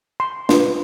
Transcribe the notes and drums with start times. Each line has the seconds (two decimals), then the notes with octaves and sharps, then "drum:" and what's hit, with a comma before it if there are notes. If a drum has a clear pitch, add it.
0.20 C6
0.49 D4 F4 B4 C6, drum: snare